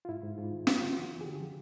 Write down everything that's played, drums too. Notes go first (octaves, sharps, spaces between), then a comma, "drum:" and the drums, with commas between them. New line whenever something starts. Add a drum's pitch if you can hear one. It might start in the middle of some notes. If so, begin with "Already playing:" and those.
F4
G#2 E4
G#2
G#2 F4
D#3
F#2 F4, drum: snare
C#3
E3 F#4
E3
G#4
D3 G4
F3